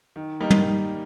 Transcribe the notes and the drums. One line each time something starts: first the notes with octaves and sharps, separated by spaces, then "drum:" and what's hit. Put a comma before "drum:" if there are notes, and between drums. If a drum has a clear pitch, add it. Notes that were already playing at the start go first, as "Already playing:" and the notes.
D#3
G3 A#3 D#4
drum: tom